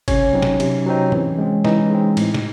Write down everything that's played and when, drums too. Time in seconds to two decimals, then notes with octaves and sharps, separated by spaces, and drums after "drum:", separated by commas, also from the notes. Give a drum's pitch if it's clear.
0.08 C3 C#4 C#5, drum: kick G1, cymbal
0.33 F#3 C4 D#4
0.42 drum: snare
0.60 C3, drum: cymbal
0.86 F#3 C4 D#4
1.12 E3, drum: tom
1.38 G#3 C4
1.65 E3 D#4 D#5, drum: snare
1.91 G#3 C4
2.17 A2, drum: cymbal
2.34 drum: snare